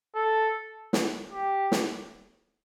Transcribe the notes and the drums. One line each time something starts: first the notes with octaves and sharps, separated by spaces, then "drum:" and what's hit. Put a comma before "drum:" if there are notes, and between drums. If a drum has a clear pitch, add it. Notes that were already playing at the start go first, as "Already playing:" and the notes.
A4
drum: snare
G4
drum: snare